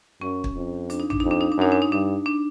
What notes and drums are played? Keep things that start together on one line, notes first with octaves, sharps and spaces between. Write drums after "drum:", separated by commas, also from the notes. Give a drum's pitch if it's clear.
F#2 C#4
drum: kick
F2
D4, drum: hi-hat
D#4
D4, drum: tom A1
F2 D#4
D4
D#4
D4
F#2 D#4
D4
D#4
G2 D4
D4